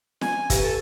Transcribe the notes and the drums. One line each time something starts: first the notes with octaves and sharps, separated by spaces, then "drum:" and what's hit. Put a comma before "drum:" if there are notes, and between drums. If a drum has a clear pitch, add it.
G#5, drum: snare
D#3 G4 B4, drum: kick, hi-hat
A4